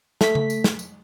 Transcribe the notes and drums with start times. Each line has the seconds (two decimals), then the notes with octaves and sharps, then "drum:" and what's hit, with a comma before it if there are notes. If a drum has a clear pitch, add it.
0.21 A3 B6, drum: snare
0.35 drum: tom C#3
0.50 drum: tambourine
0.64 drum: snare
0.79 drum: tambourine